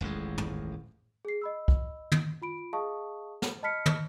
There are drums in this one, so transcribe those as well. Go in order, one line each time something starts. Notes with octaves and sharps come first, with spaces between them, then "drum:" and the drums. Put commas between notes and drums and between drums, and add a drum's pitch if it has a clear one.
D#1 A1 F2 G#3
drum: tom
G#4 C7
D#5 B5 E6
drum: kick
drum: tom
F4 B5 D7
G#4 D#5 F5 A5 C#6 D#6
drum: snare
D#5 A5 B5 F6 B6 C#7
drum: tom